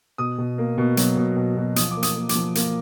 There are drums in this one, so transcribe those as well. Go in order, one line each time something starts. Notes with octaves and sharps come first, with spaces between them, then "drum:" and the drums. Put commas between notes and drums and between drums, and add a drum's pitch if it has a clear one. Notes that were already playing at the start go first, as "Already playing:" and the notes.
B2 D#6
B2
A#3
B2
F#3, drum: hi-hat
B2
B2
B2
F3 D#6, drum: hi-hat
D6
A#3
D#6, drum: hi-hat
A#3
D6, drum: hi-hat
F3
A#3, drum: hi-hat